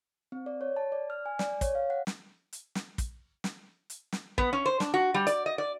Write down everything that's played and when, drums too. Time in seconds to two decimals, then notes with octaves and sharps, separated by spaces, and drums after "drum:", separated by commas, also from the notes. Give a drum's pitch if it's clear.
0.32 C4
0.46 D5
0.61 C#5
0.76 A5
0.92 D5
1.10 F6
1.26 G#5
1.39 D5, drum: snare
1.61 C#5, drum: kick, hi-hat
1.75 F5
1.90 F#5
2.07 drum: snare
2.53 drum: hi-hat
2.75 drum: snare
2.98 drum: kick, hi-hat
3.44 drum: snare
3.90 drum: hi-hat
4.12 drum: snare
4.38 B3, drum: kick
4.53 C#4
4.66 C5
4.80 D4, drum: snare
4.94 F#4
5.14 G3
5.27 D5, drum: hi-hat
5.46 D#5
5.58 D5